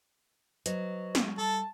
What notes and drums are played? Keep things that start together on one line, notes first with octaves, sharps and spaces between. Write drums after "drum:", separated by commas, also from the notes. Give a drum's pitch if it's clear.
F#3 B4 C5 D#5, drum: hi-hat
drum: snare
G3 A4 A5